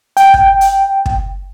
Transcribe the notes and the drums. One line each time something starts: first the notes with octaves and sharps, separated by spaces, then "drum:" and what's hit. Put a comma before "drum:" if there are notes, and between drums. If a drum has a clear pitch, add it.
G5, drum: hi-hat
drum: kick
drum: hi-hat
drum: kick